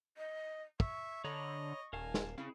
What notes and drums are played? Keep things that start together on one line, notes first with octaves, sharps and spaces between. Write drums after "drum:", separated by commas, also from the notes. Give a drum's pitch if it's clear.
D#5
E5 C#6, drum: kick
D3 C#5 D#5 A#5 B5
D#1 A#4 F5 G#5 A5
drum: snare
C#3 C4 E4 G#4